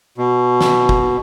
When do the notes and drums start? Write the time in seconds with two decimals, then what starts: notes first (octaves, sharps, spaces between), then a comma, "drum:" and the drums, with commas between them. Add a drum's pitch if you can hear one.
0.18 B2
0.61 drum: snare
0.89 drum: kick